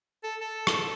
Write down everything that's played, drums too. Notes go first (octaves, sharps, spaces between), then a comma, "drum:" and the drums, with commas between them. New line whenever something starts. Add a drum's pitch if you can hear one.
A4
A4
drum: rim click